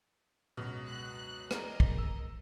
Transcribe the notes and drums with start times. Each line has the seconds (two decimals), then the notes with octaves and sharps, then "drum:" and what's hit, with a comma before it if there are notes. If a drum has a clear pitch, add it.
0.57 C#2 F#2 B2 F6
0.87 F#6
1.51 G#4 A#4 D5 D#5 A#5, drum: rim click
1.80 drum: kick
1.98 E6